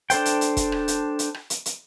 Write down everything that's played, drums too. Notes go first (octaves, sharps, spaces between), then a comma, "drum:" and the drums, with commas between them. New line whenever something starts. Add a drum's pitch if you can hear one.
D4 A4 C5 G5, drum: hi-hat
drum: hi-hat
drum: hi-hat
drum: kick, hi-hat
drum: rim click
drum: hi-hat
drum: hi-hat
drum: rim click
drum: hi-hat
drum: hi-hat